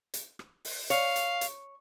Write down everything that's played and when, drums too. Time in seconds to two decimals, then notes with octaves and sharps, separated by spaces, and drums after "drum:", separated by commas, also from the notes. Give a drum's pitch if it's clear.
0.14 drum: hi-hat
0.39 drum: rim click
0.65 drum: open hi-hat
0.90 C#5 F5, drum: hi-hat
1.16 drum: hi-hat
1.41 drum: hi-hat